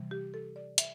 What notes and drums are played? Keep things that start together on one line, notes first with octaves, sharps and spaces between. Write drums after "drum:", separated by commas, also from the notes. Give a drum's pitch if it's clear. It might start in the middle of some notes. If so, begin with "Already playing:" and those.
Already playing: C3 E3 G3
G4
A4
D5
E5, drum: hi-hat